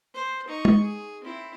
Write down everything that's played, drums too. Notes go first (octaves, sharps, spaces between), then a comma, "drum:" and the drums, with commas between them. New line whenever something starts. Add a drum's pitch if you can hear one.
C5
D#4 C#6
drum: tom G#3
G#4
C4 E4